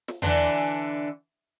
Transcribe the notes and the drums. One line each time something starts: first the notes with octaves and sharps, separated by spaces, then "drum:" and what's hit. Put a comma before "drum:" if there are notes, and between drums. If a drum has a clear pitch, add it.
drum: snare
D3 E3 D4, drum: tom E2